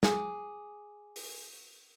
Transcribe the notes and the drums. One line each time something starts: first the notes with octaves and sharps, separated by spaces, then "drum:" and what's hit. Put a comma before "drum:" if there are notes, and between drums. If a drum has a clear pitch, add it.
G#4 D6, drum: snare
drum: open hi-hat